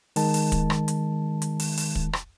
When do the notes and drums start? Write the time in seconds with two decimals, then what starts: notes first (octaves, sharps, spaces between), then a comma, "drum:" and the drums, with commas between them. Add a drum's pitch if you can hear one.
0.16 D#3 G#3 A5, drum: open hi-hat
0.34 drum: open hi-hat
0.52 drum: kick, hi-hat
0.70 drum: rim click
0.88 drum: hi-hat
1.42 drum: hi-hat
1.60 drum: open hi-hat
1.77 drum: open hi-hat
1.95 drum: kick
2.13 drum: rim click